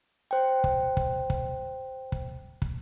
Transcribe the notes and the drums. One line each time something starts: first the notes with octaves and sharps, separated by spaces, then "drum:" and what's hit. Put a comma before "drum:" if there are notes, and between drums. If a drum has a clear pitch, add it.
C5 G5
drum: kick
drum: kick
drum: kick
drum: kick
drum: kick